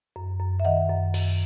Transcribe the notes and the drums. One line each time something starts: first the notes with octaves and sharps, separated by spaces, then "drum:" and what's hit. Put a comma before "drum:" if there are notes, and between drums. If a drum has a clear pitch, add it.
F#2
F#2
E5
D#3 D#5 F#5
F#2
F#2, drum: cymbal